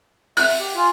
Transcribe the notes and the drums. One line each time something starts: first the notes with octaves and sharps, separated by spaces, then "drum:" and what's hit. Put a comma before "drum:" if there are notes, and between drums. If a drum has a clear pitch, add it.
E5 F#6, drum: open hi-hat
G4
F4 G#5